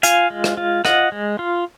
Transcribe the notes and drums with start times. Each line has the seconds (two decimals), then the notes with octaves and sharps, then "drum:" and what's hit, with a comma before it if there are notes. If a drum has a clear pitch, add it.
0.03 F4 F5 G#5, drum: hi-hat
0.30 G#3
0.44 drum: rim click
0.57 F4
0.85 F4 D#5 F#5, drum: rim click
1.12 G#3
1.39 F4